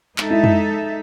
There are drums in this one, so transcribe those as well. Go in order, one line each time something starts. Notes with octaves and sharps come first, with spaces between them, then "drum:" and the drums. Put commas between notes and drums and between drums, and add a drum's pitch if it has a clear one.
G#3 D#4 A4 E5, drum: clap
E4
E4, drum: tom